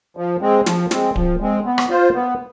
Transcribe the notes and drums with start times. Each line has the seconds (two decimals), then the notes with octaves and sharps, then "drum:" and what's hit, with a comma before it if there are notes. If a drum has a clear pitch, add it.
0.17 F3
0.41 G#3 C4
0.66 F3, drum: snare
0.91 G#3 C4, drum: snare
1.16 F3, drum: kick D1
1.40 G#3 C4
1.65 B3
1.78 drum: rim click
1.90 F4 C5
2.14 B3